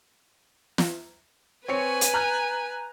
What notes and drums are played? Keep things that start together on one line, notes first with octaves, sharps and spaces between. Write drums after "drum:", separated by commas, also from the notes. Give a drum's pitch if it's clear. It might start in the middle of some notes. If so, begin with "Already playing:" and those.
drum: snare
C4 B4 C#5 G#5 C#7
drum: hi-hat
A#5 F#6 G6